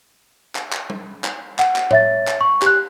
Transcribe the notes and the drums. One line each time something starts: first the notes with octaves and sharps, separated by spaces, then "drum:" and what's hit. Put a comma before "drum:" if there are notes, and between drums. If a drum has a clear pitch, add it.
drum: clap
drum: clap
drum: tom G3
drum: clap
F#5, drum: clap
drum: clap
C#5 E5 A6, drum: tom A2
drum: clap
C#6
G4 F#6, drum: clap